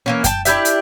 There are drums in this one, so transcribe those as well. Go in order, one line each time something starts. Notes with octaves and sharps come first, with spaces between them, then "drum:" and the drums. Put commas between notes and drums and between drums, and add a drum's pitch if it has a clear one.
E3 A#3 C#4
G5 A5, drum: kick F#2, hi-hat
D4 E4 G4 E5, drum: hi-hat
drum: hi-hat